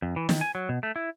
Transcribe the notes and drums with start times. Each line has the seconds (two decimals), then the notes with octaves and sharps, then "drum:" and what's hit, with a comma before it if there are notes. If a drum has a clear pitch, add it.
0.02 F2
0.16 E3
0.29 D#3, drum: snare
0.41 G#5
0.55 F#3
0.69 B2
0.83 A3
0.96 E4